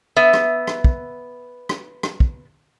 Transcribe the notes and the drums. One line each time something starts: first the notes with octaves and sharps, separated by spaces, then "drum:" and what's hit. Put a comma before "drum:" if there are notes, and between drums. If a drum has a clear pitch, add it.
B3 E5
drum: rim click
drum: rim click
drum: kick
drum: rim click
drum: rim click
drum: kick